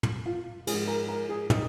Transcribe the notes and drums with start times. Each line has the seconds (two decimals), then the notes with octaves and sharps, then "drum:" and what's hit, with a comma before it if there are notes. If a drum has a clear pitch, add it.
0.03 drum: tom
0.26 F4
0.67 G#2 F3 G#3 G#4, drum: cymbal
0.87 A#4
1.08 A#4
1.29 G#4
1.50 D#4, drum: tom